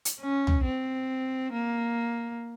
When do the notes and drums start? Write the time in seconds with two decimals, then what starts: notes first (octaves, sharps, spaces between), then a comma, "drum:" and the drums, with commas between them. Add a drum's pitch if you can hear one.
0.05 drum: hi-hat
0.20 C#4
0.47 drum: tom
0.63 C4
1.52 A#3